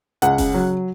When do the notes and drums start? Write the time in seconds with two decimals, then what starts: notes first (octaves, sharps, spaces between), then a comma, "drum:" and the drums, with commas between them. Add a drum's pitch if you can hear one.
0.22 C#2 F#5, drum: hi-hat
0.38 C#3, drum: kick F1, open hi-hat
0.54 F#3